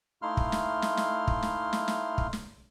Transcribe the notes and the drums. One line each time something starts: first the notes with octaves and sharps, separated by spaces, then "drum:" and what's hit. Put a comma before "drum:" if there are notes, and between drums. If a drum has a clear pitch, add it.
A3 D#4 E4 F5 C6 F6
drum: kick
drum: snare
drum: snare
drum: snare
drum: kick
drum: snare
drum: snare
drum: snare
drum: kick
drum: snare